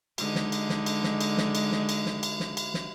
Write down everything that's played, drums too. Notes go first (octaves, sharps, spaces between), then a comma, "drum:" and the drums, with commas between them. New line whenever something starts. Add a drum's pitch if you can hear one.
D3 G#3 D#4, drum: cymbal
drum: snare
drum: cymbal
drum: snare
drum: cymbal
drum: snare
drum: cymbal
drum: snare
drum: cymbal
drum: snare
drum: cymbal
drum: snare
drum: cymbal
drum: snare
drum: cymbal
drum: snare